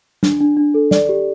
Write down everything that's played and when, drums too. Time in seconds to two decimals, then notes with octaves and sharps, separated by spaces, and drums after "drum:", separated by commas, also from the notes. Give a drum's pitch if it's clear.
0.23 D4, drum: snare
0.40 D4
0.57 D4
0.74 A4
0.91 D5, drum: snare
1.09 G4